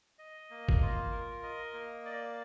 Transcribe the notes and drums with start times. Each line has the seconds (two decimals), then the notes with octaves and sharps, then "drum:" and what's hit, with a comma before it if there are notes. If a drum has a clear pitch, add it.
0.19 D#5
0.50 A#3
0.69 drum: kick
0.82 F4
1.12 A#4
1.43 D#5
1.74 A#3
2.05 D5